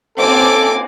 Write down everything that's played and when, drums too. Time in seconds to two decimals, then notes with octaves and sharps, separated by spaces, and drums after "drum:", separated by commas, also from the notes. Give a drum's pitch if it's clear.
0.18 C4 A4 G#5 D6, drum: cymbal